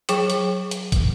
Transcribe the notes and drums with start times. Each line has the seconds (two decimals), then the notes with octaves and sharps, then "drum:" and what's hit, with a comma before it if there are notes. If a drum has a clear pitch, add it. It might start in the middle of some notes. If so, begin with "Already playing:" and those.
0.09 F#3 G#4 G5, drum: hi-hat
0.30 drum: hi-hat
0.71 drum: hi-hat
0.92 drum: kick, hi-hat